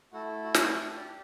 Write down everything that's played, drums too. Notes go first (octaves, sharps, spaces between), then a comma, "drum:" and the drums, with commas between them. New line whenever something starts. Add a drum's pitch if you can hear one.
A3 E4 F#4 A4 F#5
F#4 F#5
drum: snare
D4 E4 G4 E5
D4 D5